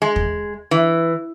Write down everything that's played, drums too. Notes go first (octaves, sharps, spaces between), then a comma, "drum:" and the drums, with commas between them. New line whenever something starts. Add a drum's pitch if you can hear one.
G#3
drum: kick
E3